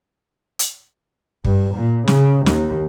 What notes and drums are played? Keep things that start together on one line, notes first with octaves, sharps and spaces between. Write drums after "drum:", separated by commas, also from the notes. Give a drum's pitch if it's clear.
drum: hi-hat
G2, drum: kick
A#2
C#3, drum: snare
D#2, drum: snare